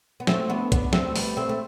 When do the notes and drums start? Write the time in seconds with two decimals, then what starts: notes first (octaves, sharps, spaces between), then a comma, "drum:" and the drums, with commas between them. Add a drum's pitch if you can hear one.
0.20 B3
0.27 A3 C4, drum: snare
0.50 B3 D4
0.72 B3 D4, drum: kick, hi-hat
0.93 A3 C4, drum: snare
1.16 G3 B3, drum: open hi-hat
1.37 A3 C4
1.49 A3